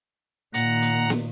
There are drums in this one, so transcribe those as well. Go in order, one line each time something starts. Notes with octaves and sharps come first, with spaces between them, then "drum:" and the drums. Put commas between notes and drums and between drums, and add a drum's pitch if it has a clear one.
A#2 D#3 F#5 A#5, drum: hi-hat
drum: hi-hat
drum: snare